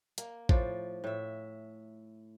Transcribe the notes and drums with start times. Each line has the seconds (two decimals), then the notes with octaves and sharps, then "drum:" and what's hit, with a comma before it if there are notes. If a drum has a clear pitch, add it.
0.18 A#3, drum: hi-hat
0.49 A2 F3 D5, drum: kick A1
1.04 A2 E5